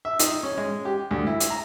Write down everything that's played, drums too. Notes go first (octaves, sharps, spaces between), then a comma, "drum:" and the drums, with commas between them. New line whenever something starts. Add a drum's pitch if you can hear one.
E5
D#4, drum: hi-hat
C#4
G#3
G4
D2
E4
drum: hi-hat
A#5